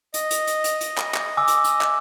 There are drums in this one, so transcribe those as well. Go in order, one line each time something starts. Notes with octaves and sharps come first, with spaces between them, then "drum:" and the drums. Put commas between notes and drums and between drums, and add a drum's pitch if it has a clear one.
D#5, drum: hi-hat
drum: hi-hat
drum: hi-hat
drum: hi-hat
drum: hi-hat
drum: clap
drum: clap
G#5 D6 E6
drum: hi-hat
drum: hi-hat
drum: clap